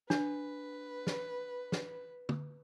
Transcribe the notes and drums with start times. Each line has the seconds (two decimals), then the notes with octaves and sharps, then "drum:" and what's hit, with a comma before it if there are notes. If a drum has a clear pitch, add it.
0.10 D4 B4, drum: snare
1.07 drum: snare
1.72 drum: snare
2.29 drum: tom